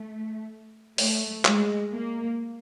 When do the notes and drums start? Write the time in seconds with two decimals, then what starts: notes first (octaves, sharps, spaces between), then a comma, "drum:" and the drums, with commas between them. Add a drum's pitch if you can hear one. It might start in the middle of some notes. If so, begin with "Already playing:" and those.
Already playing: A3
0.98 A3, drum: open hi-hat
1.45 G#3, drum: clap
1.92 A#3